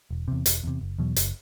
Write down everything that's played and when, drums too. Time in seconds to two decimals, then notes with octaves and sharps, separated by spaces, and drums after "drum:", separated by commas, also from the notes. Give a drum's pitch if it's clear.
0.10 E1
0.28 E2 C3
0.46 E1, drum: hi-hat
0.64 E2 C3
0.81 F#1
0.98 E2 B2 F#3
1.16 F#1, drum: hi-hat